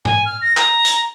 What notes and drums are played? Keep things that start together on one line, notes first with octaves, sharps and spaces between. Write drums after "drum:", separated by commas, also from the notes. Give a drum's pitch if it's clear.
G#5, drum: tom
F6
A#6
A#5, drum: clap
drum: hi-hat